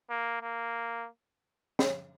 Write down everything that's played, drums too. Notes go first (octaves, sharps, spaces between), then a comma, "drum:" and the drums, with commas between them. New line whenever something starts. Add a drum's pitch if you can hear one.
A#3
A#3
drum: snare